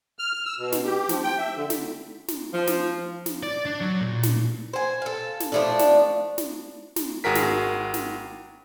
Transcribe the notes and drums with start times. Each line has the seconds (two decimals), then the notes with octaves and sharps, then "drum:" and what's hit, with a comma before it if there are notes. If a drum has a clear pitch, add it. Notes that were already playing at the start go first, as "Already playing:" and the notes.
0.19 F6
0.33 F6
0.45 E6
0.59 B2
0.72 drum: snare
0.85 G4
1.09 F3, drum: snare
1.23 G5
1.38 E5
1.56 D3
1.70 drum: snare
2.28 drum: snare
2.53 F3
2.67 drum: snare
3.26 drum: snare
3.43 D5
3.66 D4
3.81 F#3
4.01 A#2
4.23 drum: snare
4.73 C5 G#5
5.02 A4 F5
5.40 drum: snare
5.52 F3 A3 D4
5.79 drum: snare
6.38 drum: snare
6.96 drum: snare
7.24 G#1 F#4 G#4 A#4 B6
7.35 drum: snare
7.94 drum: snare